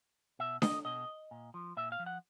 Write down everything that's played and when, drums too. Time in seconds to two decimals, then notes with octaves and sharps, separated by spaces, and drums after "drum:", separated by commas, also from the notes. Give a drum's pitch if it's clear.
0.39 B2 E5
0.62 D#5, drum: snare D4
0.85 B2 D#5
1.31 A#2
1.54 F3
1.77 A#2 E5
1.92 F5
1.99 F3
2.06 F#5